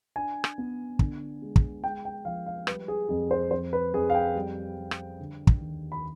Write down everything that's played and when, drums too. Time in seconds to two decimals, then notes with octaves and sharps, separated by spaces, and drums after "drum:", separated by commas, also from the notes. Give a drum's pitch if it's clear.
0.16 D4 G#5
0.44 drum: rim click
0.58 B3
0.99 D3, drum: kick
1.42 G#3
1.56 drum: kick
1.83 G#3 G5
2.05 G5
2.25 F3 F5
2.46 F5
2.67 G3 B4, drum: rim click
2.88 G#4
3.09 F2 G#4
3.31 C5
3.51 F2 C5
3.73 B4
3.94 F2 G#4
4.10 F5
4.15 G5
4.35 G3
4.77 G3
4.91 drum: rim click
5.20 D3
5.47 drum: kick
5.61 D#2
5.92 B5